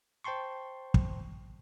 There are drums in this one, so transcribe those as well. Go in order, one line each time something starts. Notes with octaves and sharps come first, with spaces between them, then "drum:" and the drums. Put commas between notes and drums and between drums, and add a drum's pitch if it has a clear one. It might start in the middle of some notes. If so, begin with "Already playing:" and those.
C5 G5 A5 C6 C#6
drum: kick